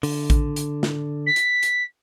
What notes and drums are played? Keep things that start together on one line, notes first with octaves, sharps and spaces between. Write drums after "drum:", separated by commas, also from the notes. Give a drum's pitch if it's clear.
D3, drum: open hi-hat
drum: kick A1, hi-hat
drum: hi-hat
drum: snare
B6
drum: hi-hat
drum: hi-hat